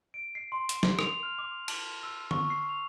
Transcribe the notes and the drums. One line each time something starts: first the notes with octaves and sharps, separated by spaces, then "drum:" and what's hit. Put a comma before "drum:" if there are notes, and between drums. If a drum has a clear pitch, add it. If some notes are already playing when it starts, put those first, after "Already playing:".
D7
C7
C6
drum: hi-hat
C7, drum: snare
F7, drum: rim click
F6
D6
A5, drum: cymbal
E6
C#6, drum: tom D3
C7
F7